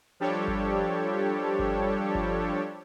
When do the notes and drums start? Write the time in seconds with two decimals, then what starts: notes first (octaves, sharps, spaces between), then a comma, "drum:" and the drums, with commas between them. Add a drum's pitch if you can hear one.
0.20 F3 G3 D4 G4 A4 C#5
0.48 drum: kick G1
1.59 drum: kick G1
2.15 drum: kick G1